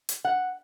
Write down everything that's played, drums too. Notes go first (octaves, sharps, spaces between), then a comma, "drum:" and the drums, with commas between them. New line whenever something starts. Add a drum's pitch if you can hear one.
drum: hi-hat
F#5